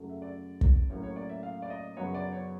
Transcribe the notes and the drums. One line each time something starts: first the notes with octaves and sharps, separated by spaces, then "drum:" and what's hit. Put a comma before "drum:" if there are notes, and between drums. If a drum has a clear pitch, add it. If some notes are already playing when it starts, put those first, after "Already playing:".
Already playing: F#2 C#3 F#3 A3
E5
D5
drum: kick
A2 F#3 A#3 C#4 C#5
C#5
D5
E5
F5
D5
D#5
F#2 C#3 F#3 B3 C#5
D5
C#5